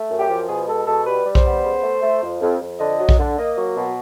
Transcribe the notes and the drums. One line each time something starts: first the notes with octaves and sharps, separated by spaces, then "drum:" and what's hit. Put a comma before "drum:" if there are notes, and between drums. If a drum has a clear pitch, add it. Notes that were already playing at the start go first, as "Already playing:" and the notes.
Already playing: A3
F#2
G4
F3
B2 G#4
G#3 A4
B2 A4
G3 B4
G3
C5, drum: kick B1
B3
C#3
A3
A3
F2
F2
F2
D3 D#5
F#3
drum: kick B1
D3
A#3 D#5
F#3
B2